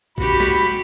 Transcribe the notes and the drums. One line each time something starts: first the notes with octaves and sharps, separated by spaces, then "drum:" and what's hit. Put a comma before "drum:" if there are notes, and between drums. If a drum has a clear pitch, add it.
F#4 G4 B5, drum: kick
drum: snare